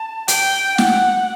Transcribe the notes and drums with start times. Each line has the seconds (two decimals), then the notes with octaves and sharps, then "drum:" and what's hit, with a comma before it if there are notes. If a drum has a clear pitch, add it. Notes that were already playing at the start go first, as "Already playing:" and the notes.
Already playing: A5
0.28 G5, drum: hi-hat
0.78 F#5, drum: snare